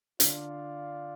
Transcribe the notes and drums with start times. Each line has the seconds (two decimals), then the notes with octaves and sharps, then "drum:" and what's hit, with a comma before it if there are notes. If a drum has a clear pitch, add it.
0.20 D3 F4 D5 F5, drum: hi-hat